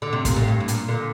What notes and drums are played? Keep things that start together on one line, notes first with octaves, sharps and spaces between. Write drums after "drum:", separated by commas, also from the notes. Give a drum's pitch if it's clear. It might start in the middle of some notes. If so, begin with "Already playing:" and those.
D3
C3
A#2, drum: kick, hi-hat
A2
G2
A2
A#2, drum: hi-hat
A#2 D3